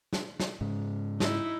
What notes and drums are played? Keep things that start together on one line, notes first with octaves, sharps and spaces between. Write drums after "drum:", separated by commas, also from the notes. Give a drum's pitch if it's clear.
drum: snare
drum: snare
G#2 C#3
D#4 E4, drum: snare